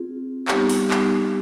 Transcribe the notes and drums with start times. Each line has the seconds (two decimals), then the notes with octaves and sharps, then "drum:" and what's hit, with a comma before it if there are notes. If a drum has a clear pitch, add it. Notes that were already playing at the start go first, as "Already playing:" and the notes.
Already playing: C4 F4 G#4
0.48 G3 B3 D#4 G4, drum: clap
0.69 drum: open hi-hat
0.90 drum: clap